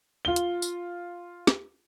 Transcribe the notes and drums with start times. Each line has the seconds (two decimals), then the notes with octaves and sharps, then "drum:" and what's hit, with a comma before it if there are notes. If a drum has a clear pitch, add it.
0.25 F4 G7
0.36 drum: hi-hat
0.62 drum: tambourine
1.47 drum: snare